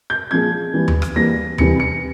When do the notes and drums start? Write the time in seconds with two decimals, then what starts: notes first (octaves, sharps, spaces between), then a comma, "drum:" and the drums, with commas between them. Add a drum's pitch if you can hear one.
0.10 G6
0.31 A#2 F3 G#3 G#6
0.74 E3 G3 A#3
0.88 drum: tom D#2
1.02 drum: rim click
1.16 E3 G3 A#3 A#6
1.58 C3 E3 G3 C#7, drum: tom D#2
1.80 C#7